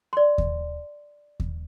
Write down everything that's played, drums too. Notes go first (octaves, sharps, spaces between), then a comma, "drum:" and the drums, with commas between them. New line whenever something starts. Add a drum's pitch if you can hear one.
D5 C6
drum: kick D#2
drum: kick D#2